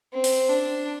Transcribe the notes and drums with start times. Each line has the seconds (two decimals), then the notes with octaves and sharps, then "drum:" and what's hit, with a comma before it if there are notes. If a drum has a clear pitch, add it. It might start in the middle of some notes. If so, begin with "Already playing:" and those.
0.13 C4
0.24 drum: open hi-hat
0.49 D4